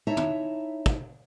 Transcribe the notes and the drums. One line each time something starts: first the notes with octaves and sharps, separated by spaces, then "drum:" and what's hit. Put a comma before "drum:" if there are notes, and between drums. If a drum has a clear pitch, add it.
D#4 E4 C#5 E5 A5 A#5
drum: tom
drum: kick